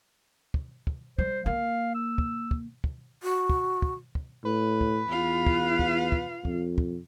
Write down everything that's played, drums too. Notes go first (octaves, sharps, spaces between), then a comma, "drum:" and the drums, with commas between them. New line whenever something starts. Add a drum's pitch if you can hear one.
drum: kick
drum: kick
G3 C5, drum: kick
A#3 F5
E6
drum: kick
drum: kick
drum: kick
F#4
drum: kick
drum: kick
drum: kick
A2 B4
drum: kick
E2 F4 F5
drum: kick
drum: kick
drum: kick
F2, drum: kick
drum: kick